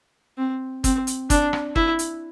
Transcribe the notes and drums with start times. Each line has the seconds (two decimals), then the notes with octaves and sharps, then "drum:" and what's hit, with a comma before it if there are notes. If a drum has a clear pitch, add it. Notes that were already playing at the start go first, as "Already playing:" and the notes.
0.38 C4
0.84 C4, drum: kick, hi-hat
1.07 drum: hi-hat
1.30 D4, drum: kick, hi-hat
1.53 drum: rim click
1.76 E4, drum: kick
1.99 drum: hi-hat